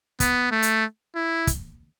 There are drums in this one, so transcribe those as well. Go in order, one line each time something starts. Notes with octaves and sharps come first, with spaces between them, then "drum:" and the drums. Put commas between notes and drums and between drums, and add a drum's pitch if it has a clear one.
B3, drum: kick, hi-hat
A3
drum: hi-hat
E4
drum: kick, hi-hat